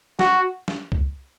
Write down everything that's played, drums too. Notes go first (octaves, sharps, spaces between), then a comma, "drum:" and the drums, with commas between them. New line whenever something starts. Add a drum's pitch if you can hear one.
F#4, drum: snare
drum: snare
drum: kick C2